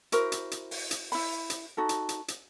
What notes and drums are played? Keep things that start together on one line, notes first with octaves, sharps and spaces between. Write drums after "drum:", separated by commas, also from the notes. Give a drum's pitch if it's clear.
E4 F#4 A#4 C5, drum: hi-hat
drum: hi-hat
drum: hi-hat
drum: open hi-hat
drum: hi-hat
E4 B5, drum: open hi-hat
drum: hi-hat
D#4 F#4 A4
drum: hi-hat
drum: hi-hat
drum: hi-hat